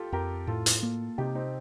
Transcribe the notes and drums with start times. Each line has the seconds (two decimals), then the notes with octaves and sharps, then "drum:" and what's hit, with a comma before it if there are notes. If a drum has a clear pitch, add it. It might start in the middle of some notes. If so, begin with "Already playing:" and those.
Already playing: F4 G4 A4
0.12 F2 G4 A#4
0.47 A2 F4 A4
0.66 drum: hi-hat
0.83 A#3
1.18 C3 D#4 G4
1.35 C4 D#4